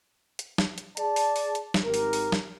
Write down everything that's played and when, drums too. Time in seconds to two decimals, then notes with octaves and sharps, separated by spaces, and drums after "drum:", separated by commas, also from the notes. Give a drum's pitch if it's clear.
0.39 drum: hi-hat
0.58 drum: snare
0.78 drum: hi-hat
0.97 G#4 D5 A5, drum: hi-hat
1.16 drum: open hi-hat
1.36 drum: open hi-hat
1.55 drum: hi-hat
1.74 drum: snare
1.84 G#1 D#3 G4 A#4
1.94 drum: open hi-hat
2.13 drum: open hi-hat
2.32 drum: snare